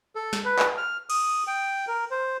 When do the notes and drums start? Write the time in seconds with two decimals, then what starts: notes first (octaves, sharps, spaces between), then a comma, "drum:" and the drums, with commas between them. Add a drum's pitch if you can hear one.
0.16 A4
0.33 drum: snare
0.45 B4
0.59 drum: clap
0.77 F6
1.10 D#6, drum: cymbal
1.47 G5
1.88 A#4
2.11 C5